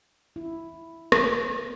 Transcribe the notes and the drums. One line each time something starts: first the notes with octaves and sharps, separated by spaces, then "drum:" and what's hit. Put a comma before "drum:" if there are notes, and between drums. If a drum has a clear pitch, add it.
E4
drum: rim click